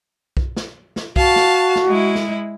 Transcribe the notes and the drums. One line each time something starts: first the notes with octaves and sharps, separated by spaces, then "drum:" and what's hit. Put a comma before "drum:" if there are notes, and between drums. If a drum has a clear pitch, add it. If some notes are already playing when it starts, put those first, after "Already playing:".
drum: kick B1
drum: snare
drum: snare
F#4 F5 A5, drum: kick B1
drum: snare
drum: snare
G#3 E4
drum: snare